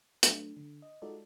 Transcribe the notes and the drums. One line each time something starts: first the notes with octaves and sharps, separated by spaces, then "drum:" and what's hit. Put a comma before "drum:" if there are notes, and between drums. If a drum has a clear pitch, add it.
F#3 A3 D4, drum: hi-hat
D3
D#5
G#3 D#4 F4 F#4 A4 D5